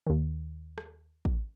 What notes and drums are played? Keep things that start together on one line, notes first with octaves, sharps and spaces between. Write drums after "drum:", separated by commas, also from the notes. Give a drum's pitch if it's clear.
D#2 D#3
drum: rim click
drum: kick